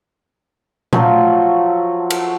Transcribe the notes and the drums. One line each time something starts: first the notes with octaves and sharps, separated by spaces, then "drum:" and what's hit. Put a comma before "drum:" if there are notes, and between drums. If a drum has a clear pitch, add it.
F3 F#3 A3 F4, drum: tom A#2
drum: cymbal